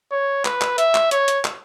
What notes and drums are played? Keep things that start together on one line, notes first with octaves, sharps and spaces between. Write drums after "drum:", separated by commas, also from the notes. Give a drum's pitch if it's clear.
C#5
B4, drum: clap
drum: clap
E5, drum: hi-hat
drum: clap
C#5, drum: hi-hat
drum: hi-hat
drum: clap